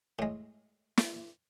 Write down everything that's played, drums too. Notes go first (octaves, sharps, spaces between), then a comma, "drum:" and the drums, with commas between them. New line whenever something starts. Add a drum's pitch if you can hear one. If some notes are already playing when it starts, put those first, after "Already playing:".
A2 G#3
drum: snare